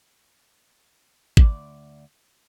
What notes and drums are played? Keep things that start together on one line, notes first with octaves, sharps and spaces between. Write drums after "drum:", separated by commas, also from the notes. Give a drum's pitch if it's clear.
D2 D5, drum: kick G#1